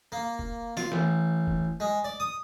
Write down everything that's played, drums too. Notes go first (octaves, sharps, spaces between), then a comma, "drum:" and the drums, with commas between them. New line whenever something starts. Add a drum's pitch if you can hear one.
A#3
drum: kick
F4, drum: snare
A1, drum: snare
drum: kick
G#3
D5
D#6